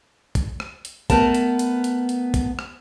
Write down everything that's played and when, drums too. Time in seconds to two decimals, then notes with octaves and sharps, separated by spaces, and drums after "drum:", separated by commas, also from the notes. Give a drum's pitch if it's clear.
0.35 drum: kick, hi-hat
0.60 drum: rim click
0.85 drum: hi-hat
1.10 A3 B3 A#4 A5, drum: kick, hi-hat
1.35 drum: hi-hat
1.59 drum: hi-hat
1.84 drum: hi-hat
2.09 drum: hi-hat
2.34 drum: kick, hi-hat
2.59 drum: rim click